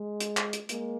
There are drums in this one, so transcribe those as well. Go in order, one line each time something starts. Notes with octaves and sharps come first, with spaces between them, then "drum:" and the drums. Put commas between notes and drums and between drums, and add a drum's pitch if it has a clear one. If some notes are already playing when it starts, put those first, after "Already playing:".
Already playing: G#3
drum: hi-hat
drum: clap
drum: hi-hat
G#3 A#3, drum: hi-hat